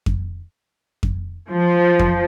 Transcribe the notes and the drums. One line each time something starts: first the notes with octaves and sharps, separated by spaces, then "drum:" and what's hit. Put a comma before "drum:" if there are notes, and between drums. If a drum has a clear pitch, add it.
drum: kick F2
drum: kick F2
F3
drum: kick F2